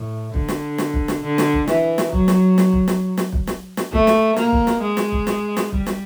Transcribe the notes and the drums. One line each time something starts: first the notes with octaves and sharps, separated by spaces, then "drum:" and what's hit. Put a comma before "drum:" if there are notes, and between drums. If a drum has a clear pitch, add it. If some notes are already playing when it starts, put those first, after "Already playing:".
Already playing: A2
D3, drum: kick
drum: snare
drum: snare
drum: kick
drum: snare
D3
drum: snare
drum: kick
E3, drum: snare
drum: snare
F#3, drum: kick
drum: snare
drum: snare
drum: kick
drum: snare
drum: snare
drum: kick
drum: snare
drum: snare
A3, drum: kick
drum: snare
A#3, drum: snare
drum: kick
drum: snare
G#3
drum: snare
drum: kick
drum: snare
drum: snare
G3, drum: kick
drum: snare